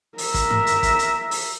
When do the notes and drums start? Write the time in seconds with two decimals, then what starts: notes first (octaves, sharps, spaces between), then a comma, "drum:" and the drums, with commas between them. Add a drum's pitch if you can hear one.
0.18 A#4 E5, drum: open hi-hat
0.34 drum: kick, hi-hat
0.50 drum: tom G2
0.67 drum: hi-hat
0.83 drum: kick, hi-hat
0.99 drum: hi-hat
1.31 drum: open hi-hat